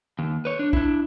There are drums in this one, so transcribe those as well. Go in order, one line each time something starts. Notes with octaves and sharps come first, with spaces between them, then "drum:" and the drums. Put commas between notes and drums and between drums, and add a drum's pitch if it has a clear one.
D#2
B4 C#5
D4
D4 E4, drum: kick